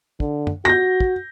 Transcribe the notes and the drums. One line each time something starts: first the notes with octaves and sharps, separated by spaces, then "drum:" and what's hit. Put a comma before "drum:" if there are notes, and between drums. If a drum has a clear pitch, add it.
D3, drum: kick
drum: tom
F#4 G6 A#6
drum: kick